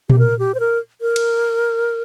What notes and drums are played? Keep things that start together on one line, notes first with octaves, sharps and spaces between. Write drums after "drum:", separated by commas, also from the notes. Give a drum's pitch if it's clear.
G4, drum: tom A#2
A#4
G4
C5
A#4
A#4
drum: cymbal